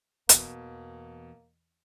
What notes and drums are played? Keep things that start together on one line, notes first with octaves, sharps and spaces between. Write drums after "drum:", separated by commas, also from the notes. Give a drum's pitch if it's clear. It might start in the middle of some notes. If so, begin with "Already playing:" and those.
E2 B2 A#3, drum: hi-hat